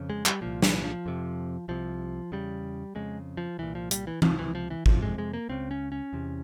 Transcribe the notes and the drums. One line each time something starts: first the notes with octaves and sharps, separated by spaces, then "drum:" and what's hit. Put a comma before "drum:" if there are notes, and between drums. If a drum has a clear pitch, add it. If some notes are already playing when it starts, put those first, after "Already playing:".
Already playing: F2 C#3
G#3
G3, drum: clap
C2 A#2 F3
E3, drum: snare
F3
F2 C3
C2 C3 F3
E2 C#3 G3
F2 C#3 G#3
F3
C2 A#2 E3
F3
G3, drum: hi-hat
E3
C#2 C3 F3, drum: tom E3
E3
F3
E3
F2 C3 F3, drum: kick G#1
G#3
G#3
A#3
C#2 C#3 C4
C#4
C#4
E2 C3